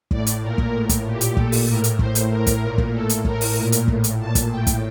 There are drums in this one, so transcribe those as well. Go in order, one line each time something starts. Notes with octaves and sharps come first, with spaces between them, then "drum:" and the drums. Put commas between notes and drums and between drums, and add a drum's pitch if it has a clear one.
A2 D5, drum: kick
drum: hi-hat
A#2 A#4
drum: kick
A2
drum: kick, hi-hat
A#2 G4
drum: hi-hat
A#2 A4, drum: kick
drum: open hi-hat
A2 A#4
drum: hi-hat
A2 C5, drum: kick
drum: hi-hat
A2 A#4
drum: kick, hi-hat
A#2
drum: kick
A2 A4
drum: hi-hat
A2 A#4, drum: kick
drum: open hi-hat
A#2
drum: hi-hat
A2, drum: kick
drum: hi-hat
A#2 A5
drum: kick, hi-hat
A2 G5
drum: kick, hi-hat